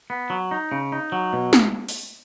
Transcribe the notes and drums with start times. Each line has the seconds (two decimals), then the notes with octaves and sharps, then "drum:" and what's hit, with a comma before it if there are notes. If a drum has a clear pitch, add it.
0.10 B3
0.30 F#3
0.51 D#4
0.72 C#3
0.92 D#4
1.12 F#3
1.33 B2
1.53 drum: snare
1.89 drum: open hi-hat